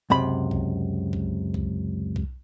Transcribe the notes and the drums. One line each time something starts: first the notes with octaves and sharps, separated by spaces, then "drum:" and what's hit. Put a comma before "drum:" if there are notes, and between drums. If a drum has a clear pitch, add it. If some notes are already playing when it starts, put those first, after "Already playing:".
C#2 F#2 C3 B5
drum: kick
drum: kick
drum: kick
drum: kick